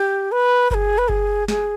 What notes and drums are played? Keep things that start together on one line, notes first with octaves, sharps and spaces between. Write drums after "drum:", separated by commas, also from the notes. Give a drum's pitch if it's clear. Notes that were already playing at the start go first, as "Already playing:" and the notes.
Already playing: G4
B4
B4, drum: kick F#1
G#4
B4
G#4, drum: kick F#1
G#4, drum: snare